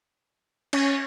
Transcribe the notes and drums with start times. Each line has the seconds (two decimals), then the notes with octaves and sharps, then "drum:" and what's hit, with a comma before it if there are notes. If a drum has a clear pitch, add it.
0.73 C#4, drum: cymbal